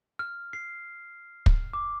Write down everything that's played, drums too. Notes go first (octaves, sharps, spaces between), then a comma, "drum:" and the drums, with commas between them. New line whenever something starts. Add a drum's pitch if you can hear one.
F6
C7
drum: kick
D6